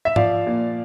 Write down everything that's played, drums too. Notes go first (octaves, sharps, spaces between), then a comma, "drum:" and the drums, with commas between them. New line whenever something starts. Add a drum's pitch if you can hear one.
E5
F3 D5 F5, drum: tom G#2
A#2